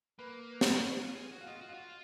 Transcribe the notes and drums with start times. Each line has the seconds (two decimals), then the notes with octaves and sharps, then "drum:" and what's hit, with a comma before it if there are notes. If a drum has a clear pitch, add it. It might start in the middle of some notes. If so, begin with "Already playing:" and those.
0.19 A#3 B4
0.61 drum: snare
0.77 D#4
0.83 C#4
1.00 F4
1.15 G#4
1.32 F#4
1.41 F5
1.47 F4 D#5
1.61 F#4
1.69 F5
1.74 F4